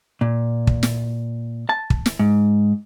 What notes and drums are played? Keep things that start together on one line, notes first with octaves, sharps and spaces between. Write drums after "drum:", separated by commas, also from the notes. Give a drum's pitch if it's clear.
A#2
drum: kick
drum: snare
A5
drum: kick
drum: snare
G#2